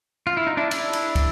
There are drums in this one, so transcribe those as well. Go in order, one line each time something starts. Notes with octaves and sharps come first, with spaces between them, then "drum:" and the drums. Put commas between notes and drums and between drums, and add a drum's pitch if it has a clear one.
F4
E4
D#4
D4 E4
D4 E4, drum: cymbal
drum: cymbal
drum: kick, cymbal